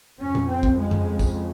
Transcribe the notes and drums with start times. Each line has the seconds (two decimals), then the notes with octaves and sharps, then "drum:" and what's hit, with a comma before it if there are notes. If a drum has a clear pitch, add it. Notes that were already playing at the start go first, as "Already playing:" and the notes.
0.20 F2 C#3 C#4
0.35 drum: tom
0.49 C4
0.63 drum: kick
0.77 G#3
0.91 drum: tom
1.19 drum: kick, tambourine